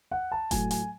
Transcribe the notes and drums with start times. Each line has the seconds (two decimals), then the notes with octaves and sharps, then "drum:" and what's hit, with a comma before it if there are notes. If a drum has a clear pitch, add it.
0.11 F#5
0.32 A5
0.51 A2 F#3 A3 G#5, drum: kick F#1, hi-hat
0.71 G#5, drum: hi-hat